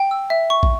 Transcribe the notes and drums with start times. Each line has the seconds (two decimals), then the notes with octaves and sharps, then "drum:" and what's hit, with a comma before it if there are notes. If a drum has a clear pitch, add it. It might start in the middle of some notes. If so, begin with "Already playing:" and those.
Already playing: G5
0.11 E6
0.30 E5
0.50 C#6
0.63 drum: kick